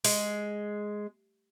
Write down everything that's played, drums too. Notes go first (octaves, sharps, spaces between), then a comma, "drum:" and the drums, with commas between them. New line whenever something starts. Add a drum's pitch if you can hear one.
G#3, drum: open hi-hat